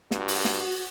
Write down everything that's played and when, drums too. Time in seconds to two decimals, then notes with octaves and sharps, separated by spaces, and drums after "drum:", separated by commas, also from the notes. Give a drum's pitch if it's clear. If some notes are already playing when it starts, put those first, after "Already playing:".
0.11 G2 F#4, drum: snare
0.28 drum: open hi-hat
0.45 drum: snare